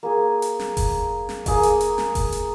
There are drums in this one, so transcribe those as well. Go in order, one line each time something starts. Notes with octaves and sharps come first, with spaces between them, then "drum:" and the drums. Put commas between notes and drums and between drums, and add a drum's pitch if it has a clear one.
A#3 G#4
drum: hi-hat
drum: snare
drum: kick F1, open hi-hat
drum: snare
A#3 G#4 D6, drum: kick F1, open hi-hat
drum: hi-hat
drum: hi-hat
drum: snare
drum: kick F1, open hi-hat
drum: hi-hat